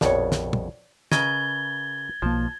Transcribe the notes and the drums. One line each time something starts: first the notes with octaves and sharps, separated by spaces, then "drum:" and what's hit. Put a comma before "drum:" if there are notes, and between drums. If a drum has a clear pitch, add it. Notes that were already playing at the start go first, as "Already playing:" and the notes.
A#1 F2 B2 C#5 D5, drum: snare
drum: snare
drum: tom
C#3 A#4 B4 D#5 G#6 A6 G7, drum: snare
B1 F3 A#3 A5